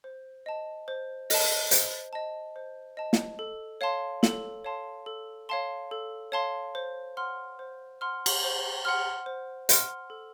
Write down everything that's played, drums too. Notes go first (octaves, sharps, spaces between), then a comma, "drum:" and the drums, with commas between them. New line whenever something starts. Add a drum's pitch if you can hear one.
C5
D#5 A5
C5
D#5 A5, drum: open hi-hat
C5, drum: hi-hat
D#5 A5
C5
D#5 A5
drum: snare
A4
C#5 F5 A5 C6
A4, drum: snare
C#5 F5 A5 C6
A4
C#5 F5 A5 C6
A4
C#5 F5 A5 C6
C5
F#5 C6 F6
C5
F#5 C6 F6
drum: cymbal
C5
F#5 C6 F6
C5
F#5 C6 F6, drum: hi-hat
A4